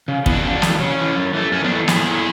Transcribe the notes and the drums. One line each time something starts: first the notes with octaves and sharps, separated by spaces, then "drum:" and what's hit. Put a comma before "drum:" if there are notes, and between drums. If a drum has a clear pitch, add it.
C#3
E3 B3, drum: kick
D4 F#4
C#3
E3 A3, drum: snare
C#3 C#4
E3 A3
F#2
E3 A3
F#2 C#4
B3 D4
E3 A3
A2 E4 G#4, drum: snare
F#3 A3